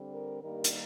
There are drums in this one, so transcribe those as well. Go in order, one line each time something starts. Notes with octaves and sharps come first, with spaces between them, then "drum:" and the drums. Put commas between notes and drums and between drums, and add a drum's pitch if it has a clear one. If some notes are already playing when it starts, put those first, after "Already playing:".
Already playing: D3 G3 C4
A#4
G2 D#3 G3 A#3 A#4
drum: hi-hat